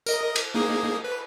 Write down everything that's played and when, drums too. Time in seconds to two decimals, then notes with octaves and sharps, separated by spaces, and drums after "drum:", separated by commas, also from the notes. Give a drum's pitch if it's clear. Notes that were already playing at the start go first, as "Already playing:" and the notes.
0.06 A#4 D#5, drum: tambourine
0.36 drum: cymbal
0.55 A#3 D#4 G#4
1.04 B4